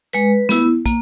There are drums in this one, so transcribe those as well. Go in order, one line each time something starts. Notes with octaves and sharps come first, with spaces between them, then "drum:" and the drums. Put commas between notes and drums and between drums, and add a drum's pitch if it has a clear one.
G#3 B4, drum: hi-hat
B3 E4, drum: snare
A#3, drum: kick, hi-hat